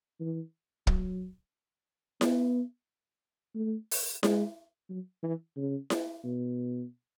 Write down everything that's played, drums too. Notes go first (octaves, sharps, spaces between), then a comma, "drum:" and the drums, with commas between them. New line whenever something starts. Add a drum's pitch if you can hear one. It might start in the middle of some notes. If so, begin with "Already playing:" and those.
E3
F#3, drum: kick
B3, drum: snare E4
A3
drum: open hi-hat
G#3, drum: snare E4
F#3
E3
C#3
drum: snare E4
B2